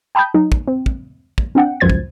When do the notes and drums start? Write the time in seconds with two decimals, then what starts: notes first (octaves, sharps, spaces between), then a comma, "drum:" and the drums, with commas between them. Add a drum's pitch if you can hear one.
0.15 G5 A5 B5 D#6 G6
0.34 F#3 D#4
0.52 drum: kick
0.68 C4
0.86 drum: kick
1.38 drum: kick
1.55 C4 D4 F#5 G5
1.80 C#2 F#2 F3 C5 G#6 A6
1.90 drum: kick